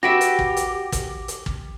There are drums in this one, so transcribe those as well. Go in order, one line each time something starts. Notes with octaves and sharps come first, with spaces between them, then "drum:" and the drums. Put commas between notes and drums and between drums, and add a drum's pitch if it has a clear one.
F#4 G4 B4 E5 A#6 D7
drum: hi-hat
drum: kick
drum: hi-hat
drum: kick, hi-hat
drum: hi-hat
drum: kick